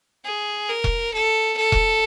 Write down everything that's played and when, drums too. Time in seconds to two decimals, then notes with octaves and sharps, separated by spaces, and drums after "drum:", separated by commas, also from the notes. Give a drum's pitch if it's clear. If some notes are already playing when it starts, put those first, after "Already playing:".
0.25 G#4
0.69 A#4
0.84 drum: kick E1
1.14 A4
1.57 A4
1.72 drum: kick E1